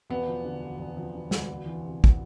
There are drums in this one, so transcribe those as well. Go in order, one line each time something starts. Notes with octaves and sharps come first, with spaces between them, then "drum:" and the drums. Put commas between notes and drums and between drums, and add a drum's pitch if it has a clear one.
E1 B3
F3
D3
D2
E1
F3
D3
D2, drum: snare
E1
E3
C3
drum: kick